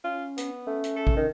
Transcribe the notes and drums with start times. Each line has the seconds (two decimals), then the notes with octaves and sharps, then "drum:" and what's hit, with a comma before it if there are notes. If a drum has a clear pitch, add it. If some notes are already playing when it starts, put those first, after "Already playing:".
0.04 C#4 F4
0.38 B3, drum: hi-hat
0.67 A3 C#4
0.84 drum: hi-hat
0.96 A4
1.07 drum: kick A1
1.16 D#3